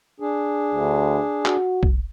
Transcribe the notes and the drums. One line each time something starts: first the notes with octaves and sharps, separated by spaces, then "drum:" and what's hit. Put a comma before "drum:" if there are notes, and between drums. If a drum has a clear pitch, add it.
D4 G#4
D2
F#4, drum: clap
drum: kick B1